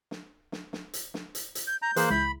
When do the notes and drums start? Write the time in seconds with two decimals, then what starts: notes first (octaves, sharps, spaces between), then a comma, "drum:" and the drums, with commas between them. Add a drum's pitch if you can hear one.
0.11 drum: snare
0.52 drum: snare
0.73 drum: snare
0.93 drum: hi-hat
1.14 drum: snare
1.35 drum: hi-hat
1.55 drum: hi-hat
1.67 G6
1.82 A#5 G6
1.96 E3 A#3 G#4 C5 F#6, drum: hi-hat
2.10 C#2 E4 B5 B6